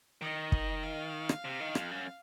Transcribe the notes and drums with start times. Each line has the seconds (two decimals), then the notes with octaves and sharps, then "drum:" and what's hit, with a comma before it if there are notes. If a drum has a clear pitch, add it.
0.21 D#3 D#5
0.52 drum: kick
0.83 F5
1.29 drum: rim click
1.45 C3
1.60 D#3
1.75 F2, drum: rim click
1.91 F#2